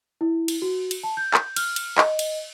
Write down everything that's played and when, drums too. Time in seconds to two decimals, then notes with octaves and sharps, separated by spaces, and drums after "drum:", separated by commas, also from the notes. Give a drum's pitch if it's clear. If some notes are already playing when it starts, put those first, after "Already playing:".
0.21 E4
0.48 drum: cymbal
0.62 F#4
0.91 drum: cymbal
1.03 A5
1.17 G6
1.34 drum: clap
1.56 F6, drum: cymbal
1.76 drum: cymbal
1.98 D#5, drum: clap
2.19 drum: cymbal